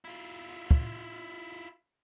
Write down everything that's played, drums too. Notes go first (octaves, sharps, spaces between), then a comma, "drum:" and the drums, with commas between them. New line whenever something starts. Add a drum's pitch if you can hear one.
E4 F4
drum: kick